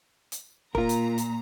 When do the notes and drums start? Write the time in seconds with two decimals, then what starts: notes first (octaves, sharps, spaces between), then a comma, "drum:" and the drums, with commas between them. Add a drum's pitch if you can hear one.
0.32 drum: hi-hat
0.75 A#2 F4 A#4 A#5, drum: kick
0.89 drum: hi-hat
1.18 drum: hi-hat